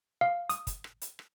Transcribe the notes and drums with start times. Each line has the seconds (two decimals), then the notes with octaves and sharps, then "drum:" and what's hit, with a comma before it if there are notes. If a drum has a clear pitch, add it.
0.21 F5
0.49 D#6, drum: hi-hat
0.67 drum: kick, hi-hat
0.84 drum: rim click
1.01 drum: hi-hat
1.19 drum: rim click